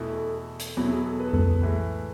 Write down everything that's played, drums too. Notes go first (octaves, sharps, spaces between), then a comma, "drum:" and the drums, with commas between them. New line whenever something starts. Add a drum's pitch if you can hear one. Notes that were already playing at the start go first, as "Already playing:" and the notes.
Already playing: E2 B2 A3 E4 A4
A4
A4
drum: hi-hat
E2 B2 F#3 B3 E4 A4
G#4
A4
B4
A4
B4, drum: tom F2
A2 E3 G#3